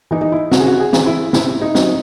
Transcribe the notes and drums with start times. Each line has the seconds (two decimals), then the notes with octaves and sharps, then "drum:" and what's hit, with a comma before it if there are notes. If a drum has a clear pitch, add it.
0.11 E3 D#4
0.21 D#4
0.32 E4
0.51 C#3 F#4, drum: snare
0.60 G#4
0.67 F#4
0.80 G#4
0.93 E3, drum: snare
1.06 E4
1.33 C3 E4, drum: snare
1.61 D#4
1.75 F#3, drum: snare